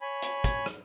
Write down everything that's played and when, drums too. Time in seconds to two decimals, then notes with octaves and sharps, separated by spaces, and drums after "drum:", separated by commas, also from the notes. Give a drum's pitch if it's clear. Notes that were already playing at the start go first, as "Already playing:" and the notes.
0.01 C#5 G#5 B5
0.22 drum: hi-hat
0.44 drum: kick, hi-hat
0.66 drum: rim click